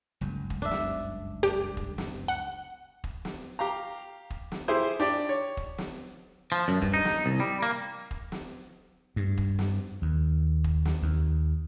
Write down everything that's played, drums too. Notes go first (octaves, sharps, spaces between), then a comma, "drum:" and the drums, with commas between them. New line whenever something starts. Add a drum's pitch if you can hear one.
F#1 C#2 G2
drum: kick
D4 E5
drum: snare
D4 G4
drum: kick
drum: snare
F#5
drum: kick
drum: snare
G4 F5 A#5
drum: kick
drum: snare
E4 G4 G#4 C5
D4 G4 D5
C#5
drum: kick
drum: snare
F3
F#2
G2, drum: kick
D#4
drum: snare
C2
G3
A#3
drum: kick
drum: snare
G2
drum: kick
drum: snare
D#2
drum: kick
drum: snare
D#2